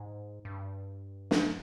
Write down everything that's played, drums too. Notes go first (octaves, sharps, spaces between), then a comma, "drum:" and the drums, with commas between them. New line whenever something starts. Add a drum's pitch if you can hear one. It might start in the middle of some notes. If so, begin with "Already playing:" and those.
Already playing: G#2
G2
drum: snare